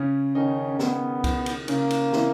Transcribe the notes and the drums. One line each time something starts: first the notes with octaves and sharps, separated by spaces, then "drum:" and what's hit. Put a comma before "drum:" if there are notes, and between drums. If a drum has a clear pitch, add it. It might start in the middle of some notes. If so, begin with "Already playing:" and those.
Already playing: C#3 C#4
D#3 C#4 D#4
B3, drum: snare
drum: kick C2, cymbal
drum: cymbal
C#3 A#3 C#4, drum: cymbal
drum: cymbal
E3 E4, drum: snare